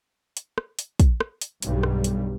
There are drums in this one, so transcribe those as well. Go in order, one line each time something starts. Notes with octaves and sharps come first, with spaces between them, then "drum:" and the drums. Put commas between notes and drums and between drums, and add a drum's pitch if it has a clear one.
drum: hi-hat
drum: rim click
drum: hi-hat
drum: kick, hi-hat
drum: rim click
drum: hi-hat
B1 G2 G3, drum: hi-hat
drum: rim click
drum: hi-hat